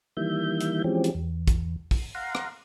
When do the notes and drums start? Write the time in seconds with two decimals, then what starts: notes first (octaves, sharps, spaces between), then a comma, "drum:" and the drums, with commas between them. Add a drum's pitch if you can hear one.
0.17 D#3 E3 G3 A#3 E5 G6
0.60 drum: hi-hat
0.84 E3 F3 G#3 C4 C#4 G4
1.04 drum: hi-hat
1.15 E2
1.48 drum: kick, hi-hat
1.91 drum: kick, open hi-hat
2.15 F5 F#5 A#5 C6
2.35 drum: rim click